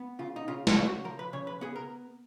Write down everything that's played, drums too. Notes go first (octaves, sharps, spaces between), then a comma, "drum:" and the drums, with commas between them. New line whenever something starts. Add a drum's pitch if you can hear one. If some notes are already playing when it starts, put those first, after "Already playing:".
Already playing: B3
C#3 F4
D#4
C#3 F4
F4, drum: snare
C#3
F#4
F3 A#4
B4
C#3 C#5
B4
B3 G#4
A#4